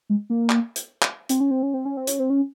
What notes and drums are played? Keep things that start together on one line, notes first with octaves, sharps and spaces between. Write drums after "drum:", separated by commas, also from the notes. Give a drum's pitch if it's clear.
G#3
A#3
drum: clap
drum: hi-hat
drum: clap
C4, drum: hi-hat
C#4
C4
C#4
C4
C#4
C4
C#4, drum: hi-hat
C4
C#4